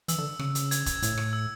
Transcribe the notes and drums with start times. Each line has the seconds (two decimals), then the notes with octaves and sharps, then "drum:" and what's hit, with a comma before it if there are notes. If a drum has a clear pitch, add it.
0.08 E3 E6, drum: hi-hat
0.18 D3
0.39 C#3, drum: rim click
0.55 drum: hi-hat
0.71 G#6, drum: hi-hat
0.86 drum: kick, hi-hat
1.02 A2, drum: hi-hat
1.17 drum: rim click
1.33 E6